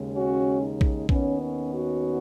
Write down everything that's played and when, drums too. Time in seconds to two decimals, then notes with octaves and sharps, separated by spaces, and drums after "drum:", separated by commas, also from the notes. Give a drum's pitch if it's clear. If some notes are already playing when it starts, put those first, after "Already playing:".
Already playing: D#2 C#3 G#3
0.14 C#4 F#4
0.61 D#4
0.81 drum: kick
1.09 D#2 D#3 B3 C#4, drum: kick
1.41 C#4
1.72 C#4 F#4